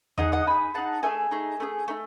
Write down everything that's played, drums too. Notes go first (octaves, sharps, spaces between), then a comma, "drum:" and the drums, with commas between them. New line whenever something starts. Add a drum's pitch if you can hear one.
D#4 G#4 D#5 F#5, drum: tom E2
D#5 F#5
D#4 G#4 G#5 B5
D#4 G#4 F#5 A5
A3 D#4 G#4 E5 G#5
A3 D#4 G#4
A3 D#4 G#4
A3 D#4